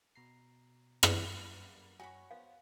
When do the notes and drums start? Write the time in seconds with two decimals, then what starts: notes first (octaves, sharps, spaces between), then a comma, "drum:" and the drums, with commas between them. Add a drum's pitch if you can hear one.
0.16 B2 A#5 C7
1.03 F#5, drum: rim click
1.21 F#2 G3 A#3 B4
2.00 F#4 C#5 G#5 B5 C#6 A#6
2.31 B3 C5 F5